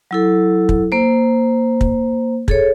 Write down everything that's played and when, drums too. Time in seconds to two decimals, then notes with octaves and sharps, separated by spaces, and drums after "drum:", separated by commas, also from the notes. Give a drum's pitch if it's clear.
0.11 F#3 E4 A4
0.69 drum: kick
0.92 A#3 C5
1.81 drum: kick
2.48 G#4 A4 C#5, drum: kick